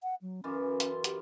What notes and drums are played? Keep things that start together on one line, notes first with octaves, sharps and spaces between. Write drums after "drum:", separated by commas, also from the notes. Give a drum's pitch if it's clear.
F#5
F#3
F#2 E3 C#4 F4
C6, drum: hi-hat
G4, drum: hi-hat